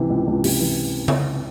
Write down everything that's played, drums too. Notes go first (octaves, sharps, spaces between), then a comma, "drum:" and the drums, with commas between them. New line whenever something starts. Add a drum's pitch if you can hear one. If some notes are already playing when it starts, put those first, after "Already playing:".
Already playing: C#2 C3 E3
C#2
C#2
C3, drum: open hi-hat
E3
drum: tom C#3